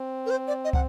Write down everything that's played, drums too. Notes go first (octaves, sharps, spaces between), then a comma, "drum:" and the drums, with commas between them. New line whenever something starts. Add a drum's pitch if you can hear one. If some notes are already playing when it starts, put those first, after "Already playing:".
Already playing: C4
A#4
C5
D5
D#5
F#5, drum: kick